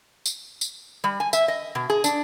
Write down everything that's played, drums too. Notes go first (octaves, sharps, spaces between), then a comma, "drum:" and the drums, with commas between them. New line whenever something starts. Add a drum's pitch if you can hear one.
drum: tambourine
drum: tambourine
G3
G#5
E5, drum: tambourine
D#5
B2
G#4
D4, drum: tambourine